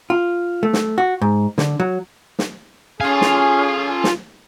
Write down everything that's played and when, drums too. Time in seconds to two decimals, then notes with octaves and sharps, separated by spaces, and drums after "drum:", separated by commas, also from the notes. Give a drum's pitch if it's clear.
0.10 F4
0.63 A3
0.73 drum: snare
0.98 F#4
1.22 G#2
1.58 D3, drum: snare
1.80 F#3
2.39 drum: snare
3.01 C#4 F4 G#4 A4 F5 G#5
3.21 drum: snare
4.04 drum: snare